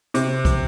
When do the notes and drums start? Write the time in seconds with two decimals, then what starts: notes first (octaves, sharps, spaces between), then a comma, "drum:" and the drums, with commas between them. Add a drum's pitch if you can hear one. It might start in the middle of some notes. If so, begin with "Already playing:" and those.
0.14 C3, drum: hi-hat
0.45 drum: kick, hi-hat